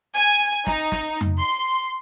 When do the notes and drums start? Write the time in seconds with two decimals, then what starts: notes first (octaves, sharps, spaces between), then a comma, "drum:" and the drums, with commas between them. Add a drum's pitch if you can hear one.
0.14 G#5
0.67 D#4, drum: snare
0.92 drum: snare
1.21 drum: tom F2
1.38 C6